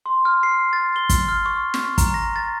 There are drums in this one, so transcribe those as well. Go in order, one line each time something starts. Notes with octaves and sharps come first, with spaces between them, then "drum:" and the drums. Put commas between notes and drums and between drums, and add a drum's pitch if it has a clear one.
C6
F6
C7
A6
G7
drum: kick, hi-hat
F6
C#6
C#6, drum: snare
A#5, drum: kick, hi-hat
A#6
A6